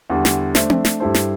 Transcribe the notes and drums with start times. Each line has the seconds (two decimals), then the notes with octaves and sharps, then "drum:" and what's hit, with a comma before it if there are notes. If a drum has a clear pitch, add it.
0.10 E2 D3 G3
0.25 drum: snare
0.55 A3 D4 C5 E5, drum: snare
0.70 drum: tom C4
0.85 drum: snare
1.00 G2 G3 E4 A4 C5
1.14 drum: snare